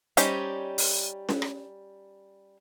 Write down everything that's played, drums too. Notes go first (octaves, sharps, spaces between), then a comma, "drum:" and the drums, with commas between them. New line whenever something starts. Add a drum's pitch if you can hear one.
G3 C#4 D#4 G4 C5, drum: hi-hat
drum: open hi-hat
drum: snare
drum: rim click C#4